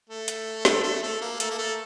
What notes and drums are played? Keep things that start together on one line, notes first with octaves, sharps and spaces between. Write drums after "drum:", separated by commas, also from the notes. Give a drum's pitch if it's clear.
A3
drum: hi-hat
A3, drum: snare
A3
A3
A#3
A3, drum: hi-hat
A#3
A3